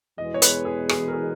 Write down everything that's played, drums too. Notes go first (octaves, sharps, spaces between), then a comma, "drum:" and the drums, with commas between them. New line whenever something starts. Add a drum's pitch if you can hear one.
E2 B2 G#3 D#5
C#5
B4, drum: hi-hat
G#4
G#4, drum: rim click
A#4
G#4